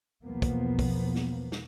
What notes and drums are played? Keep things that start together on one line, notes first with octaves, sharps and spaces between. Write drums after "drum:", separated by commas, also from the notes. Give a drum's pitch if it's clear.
B1 E2 F3 A#3 B3
drum: kick, hi-hat
drum: kick, open hi-hat
drum: snare
drum: snare